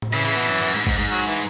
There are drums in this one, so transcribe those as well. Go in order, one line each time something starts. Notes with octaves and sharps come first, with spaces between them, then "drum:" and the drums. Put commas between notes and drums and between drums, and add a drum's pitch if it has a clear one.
drum: tom A2
C#3 E3 E4
C#3
B2
F#2
F#2
G#2
B2
G#2, drum: kick G#1
G#2
F#3 F#4
E3 E4